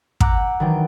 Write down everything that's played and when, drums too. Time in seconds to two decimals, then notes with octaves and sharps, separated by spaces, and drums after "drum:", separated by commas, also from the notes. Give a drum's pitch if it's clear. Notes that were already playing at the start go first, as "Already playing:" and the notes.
0.20 F#5 A#5 D6 E6 F#6 G6, drum: kick
0.60 D#3 E3 F#3 D4 G5